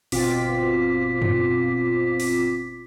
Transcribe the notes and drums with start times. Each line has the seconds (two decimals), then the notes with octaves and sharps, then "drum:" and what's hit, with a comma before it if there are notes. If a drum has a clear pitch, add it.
0.12 G1 B2 C4 F4 D6 B6, drum: open hi-hat
1.22 drum: tom F#2
2.20 drum: open hi-hat